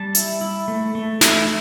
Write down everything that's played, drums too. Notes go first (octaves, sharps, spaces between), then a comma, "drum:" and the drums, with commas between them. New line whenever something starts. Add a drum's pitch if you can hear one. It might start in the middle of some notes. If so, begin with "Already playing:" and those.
Already playing: G3 A5
E4, drum: hi-hat
E4
A3
A3
E4, drum: snare